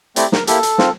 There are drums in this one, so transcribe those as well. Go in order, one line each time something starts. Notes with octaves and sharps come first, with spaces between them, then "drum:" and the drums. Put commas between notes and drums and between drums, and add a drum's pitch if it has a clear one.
A3 C4 E4 G4 D5, drum: hi-hat
A#4, drum: snare
A#3 E4 G4 A4, drum: hi-hat
drum: hi-hat
C4 F4, drum: snare